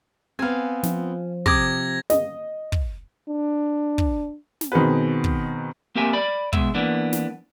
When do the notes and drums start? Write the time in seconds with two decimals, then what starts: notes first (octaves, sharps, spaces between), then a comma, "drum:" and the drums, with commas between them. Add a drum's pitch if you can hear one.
0.39 B3 C4 F5 G#5
0.83 F3, drum: snare
1.46 C3 D6 D#6 G#6 A#6, drum: kick
2.10 D#5, drum: snare
2.72 drum: kick
3.28 D4
3.98 drum: kick
4.61 drum: snare
4.72 B2 D#3 C4 G#4 B4
5.24 drum: kick
5.95 A#3 C4 G4 A#4 E5 G#5
6.13 D5 B5
6.53 B2 G#3 E5, drum: kick
6.75 E3 A#3 B3 D4
7.13 drum: snare